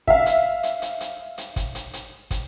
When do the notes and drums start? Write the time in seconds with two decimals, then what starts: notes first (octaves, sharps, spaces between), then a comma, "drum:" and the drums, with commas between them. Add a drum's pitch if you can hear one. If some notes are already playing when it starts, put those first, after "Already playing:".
0.08 E5 F5, drum: kick
0.26 drum: hi-hat
0.63 drum: hi-hat
0.82 drum: hi-hat
1.00 drum: hi-hat
1.38 drum: hi-hat
1.56 drum: kick, hi-hat
1.75 drum: hi-hat
1.93 drum: hi-hat
2.31 drum: kick, hi-hat